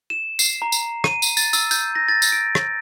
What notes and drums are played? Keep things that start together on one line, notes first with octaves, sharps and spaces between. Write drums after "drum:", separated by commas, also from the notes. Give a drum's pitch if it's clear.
E7
C7, drum: tambourine
A#5
drum: tambourine
D#7, drum: rim click
drum: tambourine
A6, drum: tambourine
E6, drum: tambourine
G6, drum: tambourine
A#6
A6
drum: tambourine
D7
drum: rim click